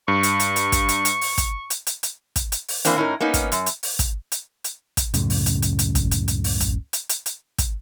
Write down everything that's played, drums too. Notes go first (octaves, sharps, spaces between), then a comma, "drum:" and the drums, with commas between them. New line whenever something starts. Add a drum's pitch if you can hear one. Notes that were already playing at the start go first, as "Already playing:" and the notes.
G2 C#6
drum: hi-hat
drum: hi-hat
drum: hi-hat
drum: kick, hi-hat
drum: hi-hat
drum: hi-hat
drum: open hi-hat
drum: kick, hi-hat
drum: hi-hat
drum: hi-hat
drum: hi-hat
drum: kick, hi-hat
drum: hi-hat
drum: open hi-hat
E3 A#3 C4 D4, drum: hi-hat
A2 C#4 D#4 A#4
A#3 B3 C#4 D#4
drum: kick, hi-hat
F#2, drum: hi-hat
drum: hi-hat
drum: open hi-hat
drum: kick, hi-hat
drum: hi-hat
drum: hi-hat
drum: kick, hi-hat
C#2 F#2 A2 C#3, drum: hi-hat
drum: open hi-hat
drum: hi-hat
drum: hi-hat
drum: hi-hat
drum: kick, hi-hat
drum: hi-hat
drum: hi-hat
drum: open hi-hat
drum: kick, hi-hat
drum: hi-hat
drum: hi-hat
drum: hi-hat
drum: kick, hi-hat